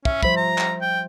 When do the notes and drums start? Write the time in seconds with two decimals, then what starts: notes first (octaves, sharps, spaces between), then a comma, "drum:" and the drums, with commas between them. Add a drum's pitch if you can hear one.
0.05 C#4 E5, drum: kick
0.23 F3 G3 C5 B5, drum: kick
0.37 A#5
0.58 drum: clap
0.82 G5